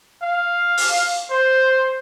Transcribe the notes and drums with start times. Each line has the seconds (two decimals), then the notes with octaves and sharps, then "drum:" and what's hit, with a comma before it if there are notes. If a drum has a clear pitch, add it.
0.23 F5
0.77 drum: open hi-hat
1.31 C5